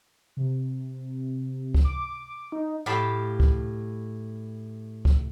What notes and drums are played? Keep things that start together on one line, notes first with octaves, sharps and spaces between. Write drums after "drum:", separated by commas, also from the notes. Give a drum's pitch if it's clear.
C3
drum: kick C#2
D6
D#4
A2 G4 F5 A5 B5
drum: kick C#2
drum: kick C#2